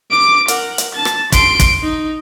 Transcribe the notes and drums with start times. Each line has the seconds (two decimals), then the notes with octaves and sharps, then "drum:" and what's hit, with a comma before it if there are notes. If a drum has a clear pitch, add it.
0.11 D6 D7
0.48 A#4 F#5, drum: hi-hat
0.78 drum: hi-hat
0.94 A5 A6
1.05 drum: rim click
1.32 C6 D7, drum: kick, hi-hat
1.59 drum: kick, hi-hat
1.83 D#4